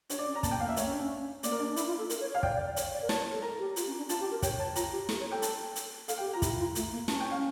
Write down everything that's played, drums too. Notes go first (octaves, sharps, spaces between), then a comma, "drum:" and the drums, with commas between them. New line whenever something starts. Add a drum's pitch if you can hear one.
D4 C#5, drum: hi-hat
D5
C#4
A#5
A#3 A5, drum: kick, hi-hat
G5
A#3 F5
E5
A3 C#5, drum: hi-hat
C#4
D4
C#4
A#3 D5, drum: hi-hat
A#4
D4 D5
D4
E4, drum: hi-hat
F4
A4
A#4, drum: hi-hat
C#5
C#5 F5
D5 G5, drum: kick
D5
D5
C#5, drum: hi-hat
D5
A#4
C#5 A5, drum: snare
A4
A#4 A#5
G4
F4, drum: hi-hat
C#4
D4
F4 A5, drum: hi-hat
G4
A#4
C#5 G5, drum: kick, hi-hat
C#5 A5
F4 A#5, drum: hi-hat
G4
A4, drum: snare
C#5
A4 G5
A5, drum: hi-hat
drum: hi-hat
A4 F5, drum: hi-hat
G4 G5
F4 A#5
E4, drum: kick, hi-hat
F4
A3, drum: hi-hat
A#3
C#4 A5, drum: snare
G5
F5